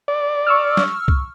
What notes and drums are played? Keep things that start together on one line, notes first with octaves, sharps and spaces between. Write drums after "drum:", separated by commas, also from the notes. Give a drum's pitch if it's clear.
D5
C#6 E6 F6
drum: snare
drum: kick C2